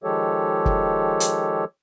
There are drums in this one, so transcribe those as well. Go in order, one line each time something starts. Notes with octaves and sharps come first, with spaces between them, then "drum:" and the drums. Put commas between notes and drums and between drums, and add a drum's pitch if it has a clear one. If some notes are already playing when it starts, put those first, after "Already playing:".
D#3 F3 G#3 G4 A4 C#5
drum: kick
drum: hi-hat